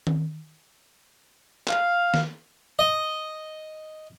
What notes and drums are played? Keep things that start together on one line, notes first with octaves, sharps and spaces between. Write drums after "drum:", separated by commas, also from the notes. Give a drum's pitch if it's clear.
drum: tom D#3
F5, drum: clap
drum: snare
D#5